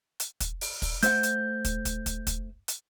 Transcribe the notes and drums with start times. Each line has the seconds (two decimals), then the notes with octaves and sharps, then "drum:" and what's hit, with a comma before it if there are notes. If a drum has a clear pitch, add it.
0.20 drum: hi-hat
0.40 drum: kick, hi-hat
0.61 drum: open hi-hat
0.82 drum: kick, open hi-hat
1.03 A3 C5 F#5 G6, drum: hi-hat
1.23 drum: hi-hat
1.65 drum: kick, hi-hat
1.85 drum: kick, hi-hat
2.06 drum: kick, hi-hat
2.27 drum: kick, hi-hat
2.68 drum: hi-hat